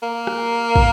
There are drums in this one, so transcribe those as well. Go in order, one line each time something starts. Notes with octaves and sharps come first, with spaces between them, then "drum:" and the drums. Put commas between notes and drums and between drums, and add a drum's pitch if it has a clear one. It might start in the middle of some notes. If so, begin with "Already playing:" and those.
A#3
drum: rim click
drum: kick